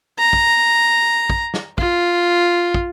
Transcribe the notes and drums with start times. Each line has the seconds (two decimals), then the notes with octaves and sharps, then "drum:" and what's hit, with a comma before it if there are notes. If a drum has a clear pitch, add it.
0.19 A#5
0.33 drum: kick
1.30 drum: kick
1.54 drum: snare
1.78 F4, drum: kick
2.74 drum: kick